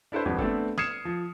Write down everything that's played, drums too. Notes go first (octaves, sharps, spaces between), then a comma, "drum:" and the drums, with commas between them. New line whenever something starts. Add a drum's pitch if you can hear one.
D4 E4 A4 B4 C5
G#1 F2 G3 B4
A3 B3 C4 D4 A4, drum: kick F#1
D#6 F6 G#6 C7 C#7 E7, drum: snare
F3